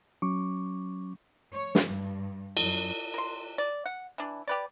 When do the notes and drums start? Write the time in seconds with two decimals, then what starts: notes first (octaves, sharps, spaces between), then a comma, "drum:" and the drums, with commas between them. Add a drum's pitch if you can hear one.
0.22 F#3 C#4 C#6 D6
1.53 C#5
1.75 drum: snare
1.85 G2
2.57 F#2, drum: cymbal
3.14 A#4 C6
3.58 D5
3.86 F#5
4.18 E3 D4
4.48 G4 B4 D5